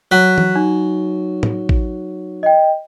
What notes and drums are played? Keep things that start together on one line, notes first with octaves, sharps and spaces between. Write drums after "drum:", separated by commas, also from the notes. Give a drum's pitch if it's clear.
F#3 F#6 B6
drum: tom
D#4
drum: tom A2
drum: kick A1
D#5 G5